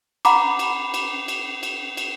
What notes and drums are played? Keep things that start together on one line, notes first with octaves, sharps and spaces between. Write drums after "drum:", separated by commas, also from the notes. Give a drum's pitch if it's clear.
F#5 A#5 B5 D6, drum: cymbal
drum: cymbal
drum: cymbal
drum: cymbal
drum: cymbal
drum: cymbal